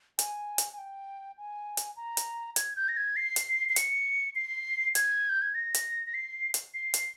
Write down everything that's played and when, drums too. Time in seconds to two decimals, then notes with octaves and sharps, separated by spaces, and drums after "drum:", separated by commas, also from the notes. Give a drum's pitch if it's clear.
0.19 G#5, drum: hi-hat
0.58 drum: hi-hat
0.73 G#5
0.78 G5
1.38 G#5
1.77 drum: hi-hat
1.97 A#5
2.17 drum: hi-hat
2.56 G#6, drum: hi-hat
2.76 G6
2.88 A#6
2.97 G#6
3.16 C7
3.36 drum: hi-hat
3.69 C7
3.76 C#7, drum: hi-hat
4.35 C7
4.95 G#6, drum: hi-hat
5.29 G6
5.42 G#6
5.55 A#6
5.74 drum: hi-hat
6.07 A#6
6.14 C7
6.54 drum: hi-hat
6.74 C7
6.94 drum: hi-hat